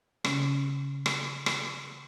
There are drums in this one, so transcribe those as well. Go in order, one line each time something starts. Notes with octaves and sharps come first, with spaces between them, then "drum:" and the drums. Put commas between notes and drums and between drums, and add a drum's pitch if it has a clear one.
C#3 C#4, drum: rim click
drum: rim click
drum: rim click